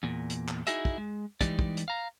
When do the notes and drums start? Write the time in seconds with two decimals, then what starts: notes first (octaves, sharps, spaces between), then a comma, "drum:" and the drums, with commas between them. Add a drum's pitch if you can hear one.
0.03 E2 A#2
0.30 drum: hi-hat
0.48 drum: clap
0.67 D#4 E4 F#4 G#4 D#5 E5, drum: hi-hat
0.85 drum: kick
0.98 G#3
1.41 E3 G3 G#3 D#4 G4 D5, drum: kick, hi-hat
1.59 drum: kick
1.77 drum: hi-hat
1.88 F5 A#5